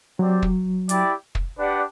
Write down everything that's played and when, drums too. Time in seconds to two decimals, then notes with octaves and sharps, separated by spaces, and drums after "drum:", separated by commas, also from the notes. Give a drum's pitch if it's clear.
0.19 F#3 C4 G4 D5
0.42 drum: kick
0.89 E4 G4 D5 G5, drum: hi-hat
1.35 drum: kick
1.58 D4 G4 B4 D5 F#5